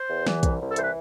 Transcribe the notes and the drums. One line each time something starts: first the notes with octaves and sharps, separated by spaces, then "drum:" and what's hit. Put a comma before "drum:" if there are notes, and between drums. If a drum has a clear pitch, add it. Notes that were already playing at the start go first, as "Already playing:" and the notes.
Already playing: C5
E2
E3, drum: snare
C2, drum: kick, hi-hat
C2
A4
E3 C5, drum: hi-hat
B4